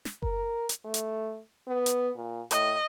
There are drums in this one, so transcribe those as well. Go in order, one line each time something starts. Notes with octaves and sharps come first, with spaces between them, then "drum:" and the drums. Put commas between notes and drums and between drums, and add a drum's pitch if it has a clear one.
drum: snare
A#4, drum: kick F#1
drum: hi-hat
A3
drum: hi-hat
B3
drum: hi-hat
A#2
A2 D#5, drum: hi-hat